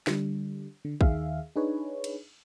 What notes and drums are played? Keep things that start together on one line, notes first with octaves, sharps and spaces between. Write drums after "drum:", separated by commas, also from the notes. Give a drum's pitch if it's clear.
D3 G3, drum: snare
D3
D#2 D#3 G#4 E5 F5, drum: kick
D4 D#4 G#4 B4 C#5
drum: cymbal